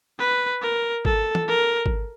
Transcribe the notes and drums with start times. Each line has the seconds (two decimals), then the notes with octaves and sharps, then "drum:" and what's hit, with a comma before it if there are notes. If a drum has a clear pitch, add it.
0.19 B4
0.62 A#4
1.05 A4, drum: kick G#1
1.35 drum: tom
1.48 A#4
1.86 drum: kick G#1